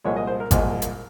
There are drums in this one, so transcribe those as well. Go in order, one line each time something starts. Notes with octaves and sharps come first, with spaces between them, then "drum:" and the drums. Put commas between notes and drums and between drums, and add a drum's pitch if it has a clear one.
C2 A#2 F3 G#3 C#5
D#5
C5
A#4
C2 A#2 F3 G#3 A#4, drum: kick G#1, hi-hat
drum: hi-hat